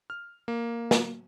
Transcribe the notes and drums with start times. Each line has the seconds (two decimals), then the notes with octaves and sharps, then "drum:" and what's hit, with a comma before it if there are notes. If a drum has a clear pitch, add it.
0.10 F6
0.48 A#3
0.91 drum: snare